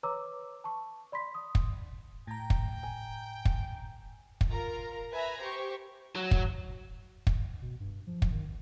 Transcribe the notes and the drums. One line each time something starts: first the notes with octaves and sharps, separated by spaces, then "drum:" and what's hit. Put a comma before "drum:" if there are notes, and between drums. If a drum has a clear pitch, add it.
B4 C#5 A#5 D6 E6
A5 C#6
D5 B5 C6 B6
D#6
drum: kick
A2 G5 A#5
drum: kick
G#5
drum: kick
drum: kick
F4 A#4 A#5
B4 E5 G#5 A#5 B5
G4 C5 C#6
F#3
drum: kick
drum: kick
B2
G2
F3
drum: kick
D#3
G#1